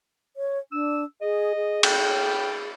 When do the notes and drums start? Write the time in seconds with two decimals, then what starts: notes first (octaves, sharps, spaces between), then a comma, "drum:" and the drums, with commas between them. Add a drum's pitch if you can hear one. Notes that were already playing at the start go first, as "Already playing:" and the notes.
0.36 C#5
0.72 D4 E6
1.21 G#4 D#5
1.55 G#4
1.83 G5, drum: cymbal